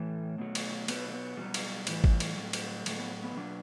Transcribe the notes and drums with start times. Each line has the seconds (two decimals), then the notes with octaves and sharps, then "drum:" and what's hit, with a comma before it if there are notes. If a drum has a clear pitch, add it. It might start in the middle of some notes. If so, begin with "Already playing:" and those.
Already playing: A2 E3 A3
0.38 B2 F#3
0.55 drum: cymbal
0.88 B2 F#3 B3, drum: cymbal
1.09 A3
1.14 B3
1.37 B2 F#3 G3
1.54 drum: cymbal
1.87 A2 E3, drum: cymbal
2.04 drum: kick G#1
2.20 drum: cymbal
2.36 A2 F#3
2.53 drum: cymbal
2.86 A2 F#3 A3, drum: cymbal
2.99 B3
3.23 B3
3.36 B2 F#3 D4